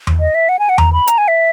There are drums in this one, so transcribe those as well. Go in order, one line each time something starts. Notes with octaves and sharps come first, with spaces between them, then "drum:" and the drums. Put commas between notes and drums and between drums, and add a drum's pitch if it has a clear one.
drum: tom E2
D#5
E5
F#5
G#5
F#5
A#5, drum: tom E2
B5
A#5, drum: hi-hat
G#5
E5